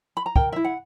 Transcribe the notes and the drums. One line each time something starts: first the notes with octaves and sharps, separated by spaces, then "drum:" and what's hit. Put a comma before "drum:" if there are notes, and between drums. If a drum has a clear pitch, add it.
B5
A#5
A#4 G5, drum: kick
E4 E5
F#5